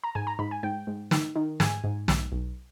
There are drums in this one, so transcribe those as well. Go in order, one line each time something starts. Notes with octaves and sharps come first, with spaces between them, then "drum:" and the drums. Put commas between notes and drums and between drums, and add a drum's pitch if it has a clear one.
A#5
G#2 G#5
A#5
G#2 B5
G#5
G#2 G5
G#2
D#3, drum: snare
D#3
G#2 G#5, drum: snare
G#2
B1, drum: snare
B1